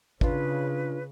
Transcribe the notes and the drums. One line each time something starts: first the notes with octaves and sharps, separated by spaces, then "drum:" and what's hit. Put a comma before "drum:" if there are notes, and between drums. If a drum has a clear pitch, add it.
C#3 D4 F4 B4, drum: kick